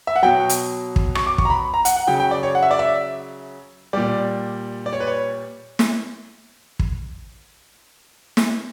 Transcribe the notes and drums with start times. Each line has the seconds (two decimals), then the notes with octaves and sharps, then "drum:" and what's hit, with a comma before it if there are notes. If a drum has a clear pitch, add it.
0.07 E5
0.16 F#5
0.23 B2 F#3 G5
0.49 drum: hi-hat
0.96 drum: kick
1.15 C#6, drum: rim click
1.27 D6
1.38 C#6, drum: kick
1.45 A#5
1.50 B5
1.74 A#5
1.85 F#5, drum: hi-hat
1.96 F#5
2.07 C#3 F#3 G5
2.20 G5
2.31 D5
2.43 C#5
2.55 F#5
2.63 E5
2.71 D5
2.79 E5
3.93 A#2 G3 D5
4.86 D5
4.93 C#5
5.00 B4
5.07 C#5
5.79 drum: snare
6.79 drum: kick
8.37 drum: snare